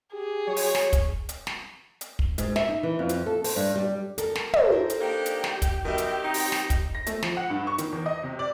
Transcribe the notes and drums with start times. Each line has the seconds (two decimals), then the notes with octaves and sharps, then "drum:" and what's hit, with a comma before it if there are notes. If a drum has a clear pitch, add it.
0.14 G4 G#4
0.48 F#3 C#5
0.57 drum: open hi-hat
0.75 drum: snare
0.93 drum: kick, hi-hat
1.29 drum: hi-hat
1.47 drum: snare
2.01 drum: hi-hat
2.19 drum: kick
2.38 G#2, drum: hi-hat
2.56 E5, drum: snare
2.69 D#4
2.83 E3
2.99 F2
3.09 drum: hi-hat
3.26 A4
3.44 C5, drum: open hi-hat
3.56 G2
3.76 G3
4.18 A4 A#4, drum: hi-hat
4.35 drum: snare
4.54 drum: tom
4.71 A4 A#4 C5
4.90 drum: hi-hat
5.01 A#3 D4 D#4 G4
5.26 drum: hi-hat
5.44 drum: snare
5.62 drum: kick, hi-hat
5.85 B2 D#3 F#3 G4 E5
5.98 drum: hi-hat
6.23 C4 D#4
6.34 drum: open hi-hat
6.52 drum: snare
6.70 drum: kick, hi-hat
6.95 A#6
7.06 A3, drum: hi-hat
7.23 F3, drum: snare
7.37 F#5
7.50 G2
7.67 C#6
7.78 D#3, drum: hi-hat
7.92 E2
8.06 D#5
8.23 C3
8.39 D5